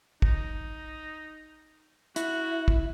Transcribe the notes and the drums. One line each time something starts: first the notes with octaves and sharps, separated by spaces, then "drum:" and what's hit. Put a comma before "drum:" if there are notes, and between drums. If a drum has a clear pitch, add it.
D#4, drum: kick
E4 F#4, drum: hi-hat
drum: kick